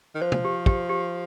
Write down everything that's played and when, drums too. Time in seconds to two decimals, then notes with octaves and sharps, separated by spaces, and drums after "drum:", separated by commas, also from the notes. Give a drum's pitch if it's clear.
0.15 D#3
0.22 F3 C5
0.32 drum: tom
0.45 G4
0.66 G4, drum: kick
0.89 G4